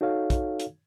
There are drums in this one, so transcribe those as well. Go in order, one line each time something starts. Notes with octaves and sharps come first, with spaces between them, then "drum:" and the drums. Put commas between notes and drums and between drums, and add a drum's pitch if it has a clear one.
D#4 F#4 A4 C#5 F5
drum: kick, hi-hat
drum: hi-hat